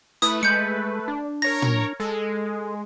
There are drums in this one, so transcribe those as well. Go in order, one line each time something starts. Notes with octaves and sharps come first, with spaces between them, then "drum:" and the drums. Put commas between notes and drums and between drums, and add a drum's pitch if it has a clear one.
A3 E4 B4 D#6, drum: hi-hat
G#3 G6 C#7
D4
A#4 C#5 A#5 A#6
drum: tom
G#3 A4